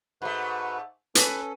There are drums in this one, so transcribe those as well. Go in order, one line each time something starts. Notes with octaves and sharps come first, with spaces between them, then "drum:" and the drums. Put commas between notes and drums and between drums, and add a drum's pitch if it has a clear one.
G#2 A3 F#4 B4
C#4 A4 B4, drum: hi-hat